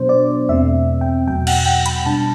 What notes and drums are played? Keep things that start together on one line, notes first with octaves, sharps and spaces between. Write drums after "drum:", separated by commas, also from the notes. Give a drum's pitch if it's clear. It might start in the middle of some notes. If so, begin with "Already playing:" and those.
Already playing: B2 F#3 B3 D4 C5
D5
E2 B2 A3 C4 E5
G5
E2 B2 F#3 G5
F#5, drum: cymbal
G5
B5, drum: hi-hat
B2 G3 D4 A5